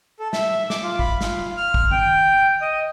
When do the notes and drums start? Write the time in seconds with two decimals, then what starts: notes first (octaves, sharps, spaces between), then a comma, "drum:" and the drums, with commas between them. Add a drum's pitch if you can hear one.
0.20 A4
0.33 E5, drum: snare
0.70 D6, drum: snare
0.83 F4
0.99 B5, drum: kick
1.21 F4, drum: snare
1.57 F6
1.74 drum: kick
1.91 G5, drum: tom D#3
2.61 D#5